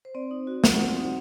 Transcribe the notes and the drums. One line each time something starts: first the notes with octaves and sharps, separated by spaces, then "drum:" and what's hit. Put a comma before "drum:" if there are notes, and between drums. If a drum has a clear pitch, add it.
C5
C4 D5
D#4
F#4
F#3 F#5, drum: snare
C4
D#4